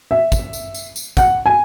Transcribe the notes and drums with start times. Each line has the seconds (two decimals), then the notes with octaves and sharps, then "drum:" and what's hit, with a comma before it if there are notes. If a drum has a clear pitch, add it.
0.11 E5
0.32 drum: kick, tambourine
0.53 drum: tambourine
0.74 drum: tambourine
0.96 drum: tambourine
1.17 F#5, drum: kick, tambourine
1.46 G#5